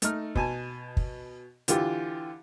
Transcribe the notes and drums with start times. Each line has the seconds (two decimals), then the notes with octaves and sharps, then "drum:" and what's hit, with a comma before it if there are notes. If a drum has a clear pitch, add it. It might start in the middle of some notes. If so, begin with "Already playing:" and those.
0.02 A3 D#4 F6, drum: hi-hat
0.35 B2 G#5 A5, drum: kick
0.97 drum: kick
1.68 D3 E3 F4 G4, drum: hi-hat